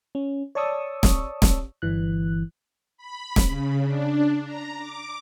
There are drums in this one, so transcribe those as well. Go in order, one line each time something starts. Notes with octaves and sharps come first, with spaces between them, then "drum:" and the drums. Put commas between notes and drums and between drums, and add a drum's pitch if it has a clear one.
C#4
C#5 D5 A5 C#6 D#6 E6
drum: snare
drum: snare
G1 E3 F#6
B5
drum: snare
C#3
D4
A#5
D6